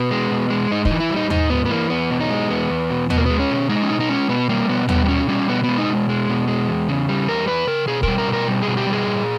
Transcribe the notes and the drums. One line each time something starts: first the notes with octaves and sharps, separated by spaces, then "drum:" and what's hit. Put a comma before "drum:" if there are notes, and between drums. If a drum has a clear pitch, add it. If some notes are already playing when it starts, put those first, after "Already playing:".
Already playing: B2 B3
G#3
B2
G#3
G#2 D#4
D#4, drum: kick
E3
E4
G3
D#4
G#2 D#4, drum: tom D#2
G#2 B3
B3
E3 A#3
E2 B3
B2
D#4
G#3
E2 B3
E2
B2
B2 B3, drum: tom D#2
A#3
G#3 B3
C#4
B2
G#3 D#4
C#4
B2 D#4
D#4
G#3 C#4
B2 B3
G3 A#3
B2 B3
G3 B3, drum: tom D#2
B3
B2 C#4
G3 C#4
B2 B3
G#3 B3
D#4
B2
G#3
B2
G#3
E2
C#3
G3
E2 A#4
E2 B4
C#3 A#4
B2 G#4
G3 A#4, drum: kick
A#4
B2
A#4
G3
G#4
B2
G4
G3
G#4
A#2